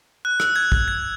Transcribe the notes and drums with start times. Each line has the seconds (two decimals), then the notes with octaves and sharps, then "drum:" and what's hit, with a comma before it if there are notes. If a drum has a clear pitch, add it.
0.25 F#6
0.40 E6, drum: rim click
0.56 G#6
0.72 drum: kick
0.88 G#6